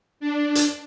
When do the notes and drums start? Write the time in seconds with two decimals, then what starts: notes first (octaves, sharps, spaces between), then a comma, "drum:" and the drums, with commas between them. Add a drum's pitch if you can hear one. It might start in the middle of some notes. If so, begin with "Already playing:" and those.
0.20 D4
0.55 drum: hi-hat